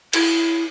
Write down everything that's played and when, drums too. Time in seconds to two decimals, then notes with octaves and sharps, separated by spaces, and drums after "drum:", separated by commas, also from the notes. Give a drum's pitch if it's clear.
0.13 E4, drum: cymbal